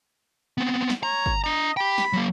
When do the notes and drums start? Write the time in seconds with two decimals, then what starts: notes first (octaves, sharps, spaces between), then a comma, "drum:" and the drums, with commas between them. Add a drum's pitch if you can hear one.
0.58 B3 C4
0.90 drum: snare
1.03 C#5 A#5
1.26 drum: kick
1.44 D4 D#5 A#5
1.77 G4 G5 B5
1.98 drum: snare
2.13 F#3 A#3